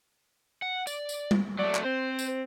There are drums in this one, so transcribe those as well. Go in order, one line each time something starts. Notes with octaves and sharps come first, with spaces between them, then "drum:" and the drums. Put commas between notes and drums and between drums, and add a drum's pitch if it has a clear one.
F#5
D5, drum: tambourine
drum: tambourine
drum: tom G3
F#3 A3 D5
drum: clap
C4 C5
drum: tambourine